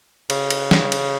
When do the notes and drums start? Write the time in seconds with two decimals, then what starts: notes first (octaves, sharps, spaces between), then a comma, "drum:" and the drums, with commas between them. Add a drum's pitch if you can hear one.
0.30 C#3, drum: cymbal
0.50 drum: cymbal
0.71 drum: snare
0.92 drum: cymbal